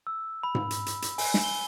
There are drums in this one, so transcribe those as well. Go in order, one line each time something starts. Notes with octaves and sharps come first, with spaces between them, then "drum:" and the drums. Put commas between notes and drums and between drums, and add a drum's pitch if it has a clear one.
E6
B5
drum: tom G#2
drum: hi-hat
drum: hi-hat
drum: hi-hat
G#5, drum: open hi-hat
drum: snare
G7